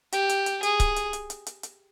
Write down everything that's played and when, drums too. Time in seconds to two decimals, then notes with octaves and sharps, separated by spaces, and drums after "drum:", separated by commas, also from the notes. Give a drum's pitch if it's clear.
0.12 G4, drum: hi-hat
0.29 drum: hi-hat
0.46 drum: hi-hat
0.63 G#4, drum: hi-hat
0.80 drum: kick C#1, hi-hat
0.96 drum: hi-hat
1.13 drum: hi-hat
1.30 drum: hi-hat
1.47 drum: hi-hat
1.63 drum: hi-hat